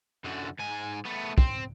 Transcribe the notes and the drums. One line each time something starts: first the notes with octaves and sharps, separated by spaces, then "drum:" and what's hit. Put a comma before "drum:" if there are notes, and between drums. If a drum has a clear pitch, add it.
F#2 D3
G#2 G#5
A3 B3
C4, drum: kick